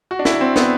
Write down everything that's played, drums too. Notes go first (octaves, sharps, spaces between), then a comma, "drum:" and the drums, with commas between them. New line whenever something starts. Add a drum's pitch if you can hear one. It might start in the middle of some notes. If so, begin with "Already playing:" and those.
F#4
D4
E4, drum: snare
C4
B3, drum: snare